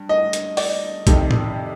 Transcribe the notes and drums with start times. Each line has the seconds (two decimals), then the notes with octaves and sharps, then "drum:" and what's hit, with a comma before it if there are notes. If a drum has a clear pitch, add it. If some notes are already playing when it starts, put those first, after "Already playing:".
Already playing: G2
0.09 D#5
0.33 drum: hi-hat
0.57 D5, drum: open hi-hat
1.07 F2 C3 D#3, drum: kick A#1, hi-hat
1.31 drum: tom